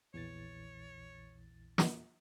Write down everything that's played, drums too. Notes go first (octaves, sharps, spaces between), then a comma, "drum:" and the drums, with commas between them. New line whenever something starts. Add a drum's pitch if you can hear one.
A#1 E2 A#2 E3 C#5 A6
drum: snare